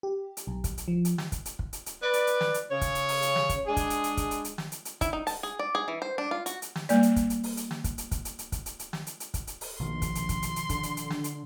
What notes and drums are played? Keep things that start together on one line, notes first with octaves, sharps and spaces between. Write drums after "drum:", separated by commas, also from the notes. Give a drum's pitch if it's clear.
G4
drum: hi-hat
B1
drum: kick, hi-hat
drum: hi-hat
F3
drum: hi-hat
drum: snare
drum: kick, hi-hat
drum: hi-hat
drum: kick
drum: hi-hat
drum: hi-hat
B4 D5
drum: hi-hat
drum: hi-hat
drum: snare
drum: hi-hat
C#3 C#5
drum: kick, hi-hat
drum: hi-hat
drum: open hi-hat
drum: hi-hat
drum: snare
drum: kick, hi-hat
G#3 D4 G#4
drum: kick, hi-hat
drum: hi-hat
drum: hi-hat
drum: kick, hi-hat
drum: hi-hat
drum: hi-hat
drum: snare
drum: hi-hat
drum: hi-hat
E4, drum: kick, hi-hat
D#4
A5, drum: open hi-hat
G#4
D5
G#4
E3
C5
D4
F4
F#4, drum: hi-hat
drum: hi-hat
drum: snare
G3 A#3 D5, drum: hi-hat
drum: hi-hat
drum: kick, hi-hat
drum: hi-hat
drum: open hi-hat
drum: hi-hat
drum: snare
drum: kick, hi-hat
drum: hi-hat
drum: kick, hi-hat
drum: hi-hat
drum: hi-hat
drum: kick, hi-hat
drum: hi-hat
drum: hi-hat
drum: snare
drum: hi-hat
drum: hi-hat
drum: kick, hi-hat
drum: hi-hat
drum: open hi-hat
A#1 B2 D#3 F3 C6
drum: kick, hi-hat
drum: hi-hat
drum: kick, hi-hat
drum: hi-hat
drum: hi-hat
D3, drum: kick, hi-hat
drum: hi-hat
drum: hi-hat
drum: snare
drum: hi-hat